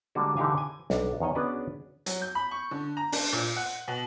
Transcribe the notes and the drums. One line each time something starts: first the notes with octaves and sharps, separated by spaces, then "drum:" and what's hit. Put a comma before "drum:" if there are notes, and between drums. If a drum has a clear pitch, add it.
D3 G3 G#3 A#3 D4 F#4
D3 E3 D#4 G4 F5 G#5
G#5
B1 D4, drum: snare
E2 D#3 C#5 D#5
B3 C#4 D4 F#4 G#4 B4
F#3, drum: hi-hat
G6
B5
C#6
D3
A#5
D4, drum: open hi-hat
A#2
F#5
B2